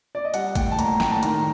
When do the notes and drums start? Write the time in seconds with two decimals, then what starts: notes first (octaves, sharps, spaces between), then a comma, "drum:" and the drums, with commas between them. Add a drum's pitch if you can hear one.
0.15 D5
0.25 D#5
0.34 G3 F#5, drum: hi-hat
0.55 A2 G5, drum: kick, hi-hat
0.71 A5
0.79 A2 A#5, drum: hi-hat
1.00 A2 G5, drum: snare
1.11 A5
1.23 D#3 A#5, drum: hi-hat